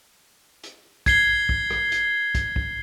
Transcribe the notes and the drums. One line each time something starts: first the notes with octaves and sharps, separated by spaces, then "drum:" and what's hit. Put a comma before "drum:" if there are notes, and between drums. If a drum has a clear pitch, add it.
drum: hi-hat
G#6 C7 G7, drum: kick, hi-hat
drum: kick
drum: rim click
drum: hi-hat
drum: kick, hi-hat
drum: kick